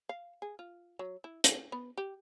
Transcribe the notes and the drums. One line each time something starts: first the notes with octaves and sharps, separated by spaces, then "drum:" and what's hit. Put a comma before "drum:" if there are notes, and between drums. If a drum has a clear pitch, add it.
F5
G#4
F4
F#3
E4
F5, drum: hi-hat
B3
G4